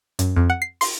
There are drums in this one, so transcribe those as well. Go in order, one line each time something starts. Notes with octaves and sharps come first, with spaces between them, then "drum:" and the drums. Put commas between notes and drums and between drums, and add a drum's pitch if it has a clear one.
F#2, drum: hi-hat
F2
F#5
C7
C6, drum: open hi-hat